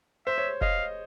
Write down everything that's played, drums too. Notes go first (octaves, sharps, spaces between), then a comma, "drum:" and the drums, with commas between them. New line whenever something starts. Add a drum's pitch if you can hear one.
C5 E5
C#5
D#5 F5, drum: kick